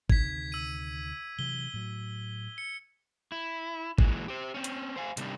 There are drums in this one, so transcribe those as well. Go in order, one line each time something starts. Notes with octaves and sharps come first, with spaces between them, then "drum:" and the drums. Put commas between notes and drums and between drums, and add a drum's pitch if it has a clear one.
D2 C3 D#3 G#6 B6, drum: kick A1
E6 D#7
C3 E3 F#3 G7
A2 F#3
C#7
E4
A#2 E3 G#3, drum: kick A1
G4 C5
C4 C#4
drum: hi-hat
C5 F5 G#5
C3 D#3 G3 C4 D4, drum: hi-hat